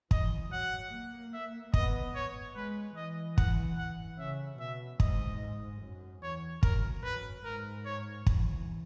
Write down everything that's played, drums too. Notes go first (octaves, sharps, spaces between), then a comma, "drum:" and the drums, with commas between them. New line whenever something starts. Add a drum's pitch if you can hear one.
E3 D#5, drum: kick
F#3 F#5
A#3
E5
B3 D#5, drum: kick
C#5
G#3 B4
E3 D#5
F#5, drum: kick
F#5
C#3 E5
B2 E5
G#2 D#5, drum: kick
F#2
E2 C#5
F#2 A#4, drum: kick
F#2 B4
G#2 A#4
C#5
E2, drum: kick